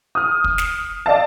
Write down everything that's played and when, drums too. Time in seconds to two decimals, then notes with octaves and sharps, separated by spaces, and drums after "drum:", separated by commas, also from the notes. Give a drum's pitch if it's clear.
0.15 D#6 F6
0.44 drum: kick
0.58 drum: snare
1.06 D5 D#5 F5 A5